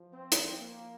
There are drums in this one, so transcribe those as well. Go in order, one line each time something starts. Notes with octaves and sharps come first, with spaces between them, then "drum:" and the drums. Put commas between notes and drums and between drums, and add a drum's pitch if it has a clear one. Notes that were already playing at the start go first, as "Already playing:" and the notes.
Already playing: F3
C4
drum: hi-hat
A#3